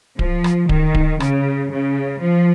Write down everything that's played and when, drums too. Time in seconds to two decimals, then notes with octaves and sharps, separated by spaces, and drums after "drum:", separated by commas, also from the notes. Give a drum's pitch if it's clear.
0.19 F3, drum: kick D1
0.44 drum: rim click
0.69 D#3, drum: kick D1
0.95 drum: kick D1
1.20 C#3, drum: rim click
1.71 C#3
2.20 F3